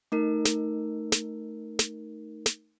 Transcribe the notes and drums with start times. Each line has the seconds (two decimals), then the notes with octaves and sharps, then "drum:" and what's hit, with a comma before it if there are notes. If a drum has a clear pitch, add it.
0.12 A3 D#4 A#4
0.45 drum: snare
1.12 drum: snare
1.79 drum: snare
2.46 drum: snare